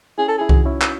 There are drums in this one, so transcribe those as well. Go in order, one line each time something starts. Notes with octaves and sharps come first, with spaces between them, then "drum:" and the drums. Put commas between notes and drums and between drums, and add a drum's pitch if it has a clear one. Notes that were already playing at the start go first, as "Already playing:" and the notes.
C#4 E4 G#4
A4
E4 G#4
D#4 F#4, drum: kick C2
C#4 E4
drum: clap